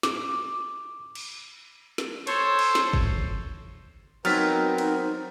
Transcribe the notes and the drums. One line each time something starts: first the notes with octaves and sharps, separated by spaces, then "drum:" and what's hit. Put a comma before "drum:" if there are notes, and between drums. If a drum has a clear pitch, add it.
D6, drum: snare
drum: cymbal
drum: snare
A4 C5 C#5, drum: cymbal
drum: cymbal
drum: snare
drum: kick
F#3 B3 C4 D#4 A#4 F6 A6 B6, drum: cymbal
drum: cymbal